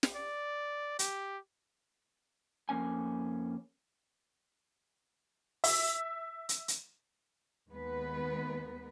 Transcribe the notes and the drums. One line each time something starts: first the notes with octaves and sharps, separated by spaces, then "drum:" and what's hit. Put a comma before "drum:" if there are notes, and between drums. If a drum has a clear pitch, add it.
drum: snare
D5
G4, drum: hi-hat
F2 A#3 C#4 G#5
E5, drum: open hi-hat
drum: hi-hat
drum: hi-hat
D#2 G#3 B3 B4